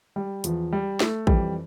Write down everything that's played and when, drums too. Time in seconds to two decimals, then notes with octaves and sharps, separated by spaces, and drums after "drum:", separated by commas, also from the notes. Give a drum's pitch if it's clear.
0.16 G3
0.44 E2 E3 F3, drum: hi-hat
0.72 G3
1.00 A3, drum: snare
1.27 F2 E3 G3, drum: kick